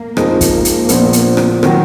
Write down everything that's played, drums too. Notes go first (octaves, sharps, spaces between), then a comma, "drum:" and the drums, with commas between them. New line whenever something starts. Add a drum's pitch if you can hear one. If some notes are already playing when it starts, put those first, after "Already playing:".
Already playing: A#3
F2 F3 G#3 D#4, drum: rim click
drum: kick, hi-hat
drum: hi-hat
A#1 A#2 F3 B3 D4, drum: hi-hat
drum: hi-hat
drum: rim click
D#3 F#3, drum: rim click